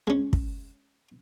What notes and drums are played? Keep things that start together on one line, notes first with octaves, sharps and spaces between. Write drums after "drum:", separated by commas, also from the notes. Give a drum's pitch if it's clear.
G#3 C#4
drum: kick